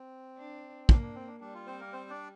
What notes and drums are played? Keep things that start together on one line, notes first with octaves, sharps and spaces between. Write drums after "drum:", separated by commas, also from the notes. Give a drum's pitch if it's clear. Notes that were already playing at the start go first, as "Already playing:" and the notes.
Already playing: C4
D4
A#3 D4, drum: kick
D4
C4
D4
G3 D4
F4
C4 C5
A#3 A#4
C4 C5
D4 D5